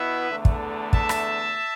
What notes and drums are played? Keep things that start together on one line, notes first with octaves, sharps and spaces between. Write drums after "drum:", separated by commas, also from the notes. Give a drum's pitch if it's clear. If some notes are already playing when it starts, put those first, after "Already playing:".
Already playing: B2 B3 E4 B4 E5
E2 D3 A3
drum: kick
E5 A5, drum: kick
drum: rim click